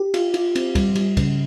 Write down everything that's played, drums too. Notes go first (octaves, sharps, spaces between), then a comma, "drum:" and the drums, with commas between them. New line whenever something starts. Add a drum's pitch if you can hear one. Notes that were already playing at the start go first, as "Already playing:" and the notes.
Already playing: G4
F4, drum: cymbal
F4, drum: cymbal
C4, drum: cymbal
G3, drum: kick, cymbal
G3, drum: cymbal
C#3, drum: kick, cymbal